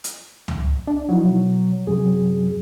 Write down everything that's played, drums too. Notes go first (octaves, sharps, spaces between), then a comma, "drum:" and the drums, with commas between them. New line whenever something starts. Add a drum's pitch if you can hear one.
drum: hi-hat
drum: tom C#2
D4
F3 F#3 D#4 E4
B2
F#2 C3 F#3 G#4